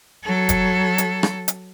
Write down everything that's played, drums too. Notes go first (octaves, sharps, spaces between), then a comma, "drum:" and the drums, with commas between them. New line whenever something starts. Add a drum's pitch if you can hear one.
F#3 A4
drum: kick E1, hi-hat
drum: hi-hat
drum: rim click
drum: hi-hat